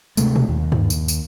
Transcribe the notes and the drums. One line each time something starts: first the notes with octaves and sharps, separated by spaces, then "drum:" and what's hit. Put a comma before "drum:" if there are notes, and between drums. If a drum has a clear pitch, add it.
D2 C3 G#3 A3, drum: tambourine
drum: tom A#2
D#2
drum: tom G2
drum: tambourine
drum: tambourine